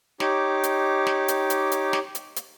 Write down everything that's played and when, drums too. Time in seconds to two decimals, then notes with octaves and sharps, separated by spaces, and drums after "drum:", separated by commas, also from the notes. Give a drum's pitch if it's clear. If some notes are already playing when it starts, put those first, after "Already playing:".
0.20 D#4 G4 C#5 D6, drum: snare
0.63 drum: hi-hat
1.07 drum: snare
1.28 drum: hi-hat
1.50 drum: hi-hat
1.72 drum: hi-hat
1.93 drum: snare
2.15 drum: hi-hat
2.36 drum: hi-hat